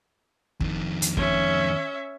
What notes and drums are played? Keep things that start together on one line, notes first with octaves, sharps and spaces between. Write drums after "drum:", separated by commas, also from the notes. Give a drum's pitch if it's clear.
F2 D#3, drum: kick
drum: hi-hat
C#4 E5, drum: kick